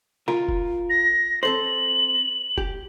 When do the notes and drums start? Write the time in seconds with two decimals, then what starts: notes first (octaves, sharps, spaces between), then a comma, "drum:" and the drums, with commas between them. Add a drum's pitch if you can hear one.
0.28 F4 A#4, drum: snare
0.49 drum: kick F1
0.90 A#6
1.43 C4 A4 C5 F#7
2.58 G4, drum: kick F1